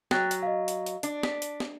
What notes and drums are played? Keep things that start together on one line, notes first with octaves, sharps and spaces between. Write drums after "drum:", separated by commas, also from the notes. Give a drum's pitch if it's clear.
F#3 G5 F#6 A6, drum: snare
drum: hi-hat
D#5 F5
drum: hi-hat
drum: hi-hat
D4, drum: hi-hat
B6, drum: snare
drum: hi-hat
drum: snare